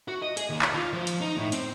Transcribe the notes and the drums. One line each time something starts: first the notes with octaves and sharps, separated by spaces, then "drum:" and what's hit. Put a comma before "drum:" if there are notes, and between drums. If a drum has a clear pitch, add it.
F#4
D#5
G#4, drum: hi-hat
D#2
drum: clap
F4
F3
drum: hi-hat
D#4
A2
C4, drum: hi-hat